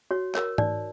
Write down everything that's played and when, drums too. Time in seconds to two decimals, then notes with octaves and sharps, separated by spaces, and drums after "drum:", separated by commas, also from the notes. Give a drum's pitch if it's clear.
0.11 F#4 C#5
0.35 A#4 C#5, drum: clap
0.58 D#4 D5, drum: tom G#2